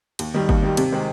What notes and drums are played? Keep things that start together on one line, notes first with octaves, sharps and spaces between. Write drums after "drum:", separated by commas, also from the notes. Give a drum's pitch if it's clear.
D#2, drum: cymbal
D#3 G3
D#2, drum: kick G1
D#3 G3
C3, drum: cymbal
D#3 G#3 C4